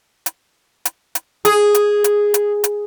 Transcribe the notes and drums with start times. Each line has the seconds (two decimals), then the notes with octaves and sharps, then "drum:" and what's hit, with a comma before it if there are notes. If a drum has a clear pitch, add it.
0.26 drum: hi-hat
0.85 drum: hi-hat
1.15 drum: hi-hat
1.45 G#4, drum: hi-hat
1.75 drum: hi-hat
2.04 drum: hi-hat
2.34 drum: hi-hat
2.64 drum: hi-hat